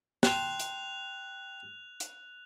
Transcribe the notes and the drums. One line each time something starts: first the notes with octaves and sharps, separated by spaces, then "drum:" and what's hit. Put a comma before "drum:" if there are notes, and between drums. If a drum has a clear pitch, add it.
G5 A5 C6 F#6 F7, drum: snare
drum: hi-hat
drum: hi-hat